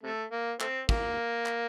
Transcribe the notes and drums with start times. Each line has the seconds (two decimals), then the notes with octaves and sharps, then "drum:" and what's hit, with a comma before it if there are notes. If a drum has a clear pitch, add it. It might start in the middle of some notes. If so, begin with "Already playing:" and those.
0.03 C3 A3
0.31 A#3
0.60 A3 C4, drum: clap
0.89 A#3, drum: kick
1.46 drum: clap